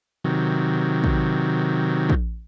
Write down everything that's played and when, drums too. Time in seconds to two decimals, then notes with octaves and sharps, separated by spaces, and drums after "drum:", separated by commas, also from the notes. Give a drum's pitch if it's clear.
0.24 C3 D#3 F#3
1.04 drum: kick
2.10 drum: kick